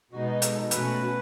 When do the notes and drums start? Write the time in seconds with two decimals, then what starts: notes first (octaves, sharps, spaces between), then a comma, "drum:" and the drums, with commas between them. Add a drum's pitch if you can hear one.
0.12 B2 G#3 B3 D#4 F#4
0.42 A4, drum: hi-hat
0.71 B2 A3 C#4 F#4 B4, drum: hi-hat